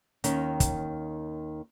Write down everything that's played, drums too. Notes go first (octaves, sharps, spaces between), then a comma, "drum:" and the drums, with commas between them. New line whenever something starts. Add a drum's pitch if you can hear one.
D#2 D#3 C#4, drum: hi-hat
drum: kick, hi-hat